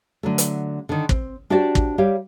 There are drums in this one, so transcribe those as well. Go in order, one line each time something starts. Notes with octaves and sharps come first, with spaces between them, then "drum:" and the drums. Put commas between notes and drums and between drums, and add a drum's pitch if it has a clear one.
D3 F#3 A3
drum: hi-hat
D3 D#3
C4, drum: kick
D4 F#4 G4 C5 D5
drum: kick
G3 G4 C#5 F5